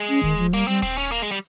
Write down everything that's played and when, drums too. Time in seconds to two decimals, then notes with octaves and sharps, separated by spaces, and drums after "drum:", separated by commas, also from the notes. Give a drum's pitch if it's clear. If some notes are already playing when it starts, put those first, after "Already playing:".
Already playing: G#3
0.09 C#4
0.23 D#3, drum: kick D#1
0.38 F3
0.53 G3 A#3
0.68 G3 C4
0.82 C4, drum: kick D#1
0.98 C#4
1.12 A#3
1.22 G#3
1.31 G3